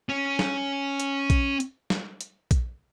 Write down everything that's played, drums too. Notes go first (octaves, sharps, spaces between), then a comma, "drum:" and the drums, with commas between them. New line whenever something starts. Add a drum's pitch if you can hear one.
C#4
drum: snare
drum: hi-hat
drum: kick A#1, hi-hat
drum: hi-hat
drum: snare
drum: hi-hat
drum: kick A#1, hi-hat